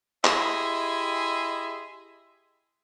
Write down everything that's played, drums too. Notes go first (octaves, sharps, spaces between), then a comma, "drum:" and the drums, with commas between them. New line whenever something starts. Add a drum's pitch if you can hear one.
E4 G4 G#4 D#5 E5 C6, drum: clap